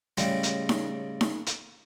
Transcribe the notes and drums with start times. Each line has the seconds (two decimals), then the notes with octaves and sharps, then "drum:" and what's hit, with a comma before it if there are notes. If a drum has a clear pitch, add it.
0.17 A2 C#3 G3 G#3, drum: hi-hat
0.43 drum: hi-hat
0.69 drum: snare D#4
1.21 drum: snare D#4
1.46 drum: hi-hat